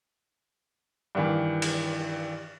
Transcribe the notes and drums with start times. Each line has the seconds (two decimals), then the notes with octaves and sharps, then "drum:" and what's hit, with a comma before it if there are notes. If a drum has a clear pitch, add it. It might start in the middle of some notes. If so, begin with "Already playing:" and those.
1.15 G2 D#3 E3
1.62 drum: cymbal